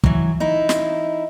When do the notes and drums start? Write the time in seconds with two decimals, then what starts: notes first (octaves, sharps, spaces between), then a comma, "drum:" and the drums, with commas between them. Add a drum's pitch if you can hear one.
0.04 E3 F#3, drum: kick
0.40 D#4 E4
0.69 drum: snare